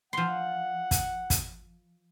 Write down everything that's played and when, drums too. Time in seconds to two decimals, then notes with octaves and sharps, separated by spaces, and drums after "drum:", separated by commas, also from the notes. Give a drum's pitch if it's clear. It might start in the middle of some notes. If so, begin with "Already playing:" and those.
0.13 F3 F#5 C6
0.91 drum: kick, hi-hat
1.30 drum: kick, hi-hat